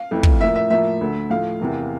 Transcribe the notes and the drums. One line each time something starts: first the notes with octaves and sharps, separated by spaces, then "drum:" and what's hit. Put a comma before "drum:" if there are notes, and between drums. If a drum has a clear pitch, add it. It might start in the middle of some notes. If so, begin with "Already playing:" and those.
Already playing: F5
F2 E3 A3
drum: kick
A2 F3 A#3 E5
E5
A2 F3 A#3 E5
D2 D3 A3
A2 F3 A3 F5
E2 C3 E3 A#3